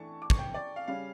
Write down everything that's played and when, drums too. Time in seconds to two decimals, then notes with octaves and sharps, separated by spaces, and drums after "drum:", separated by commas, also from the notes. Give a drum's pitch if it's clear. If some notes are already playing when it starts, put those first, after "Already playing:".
Already playing: E3 A3 D4 A5 C#6
0.22 D6
0.30 C#6, drum: kick
0.39 G5
0.54 D5
0.76 F5
0.87 C#3 G3 C#4 F5